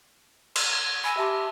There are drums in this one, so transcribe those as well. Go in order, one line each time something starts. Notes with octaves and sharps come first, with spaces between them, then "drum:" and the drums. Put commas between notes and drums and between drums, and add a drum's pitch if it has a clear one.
C6, drum: cymbal
G#6
G#5 B5 E6 A#6
G4 E5 A5 C6